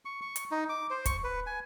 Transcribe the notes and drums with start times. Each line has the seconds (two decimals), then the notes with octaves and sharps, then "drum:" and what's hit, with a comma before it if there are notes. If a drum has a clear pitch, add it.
0.05 C#6
0.21 C#6
0.36 drum: hi-hat
0.51 D#4
0.69 D6
0.90 C5
1.06 C#6, drum: kick, hi-hat
1.24 B4
1.47 G#5